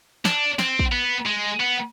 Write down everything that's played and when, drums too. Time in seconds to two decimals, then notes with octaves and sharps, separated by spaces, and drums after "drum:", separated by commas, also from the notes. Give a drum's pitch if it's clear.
0.25 D4, drum: snare
0.59 C4, drum: snare
0.79 drum: kick
0.92 B3
1.26 G#3
1.60 B3